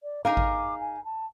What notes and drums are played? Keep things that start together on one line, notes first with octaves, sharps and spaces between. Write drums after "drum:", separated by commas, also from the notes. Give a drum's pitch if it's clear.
D5
D#4 G#4 A#4 F5 D6
drum: kick G#1
G#5
A5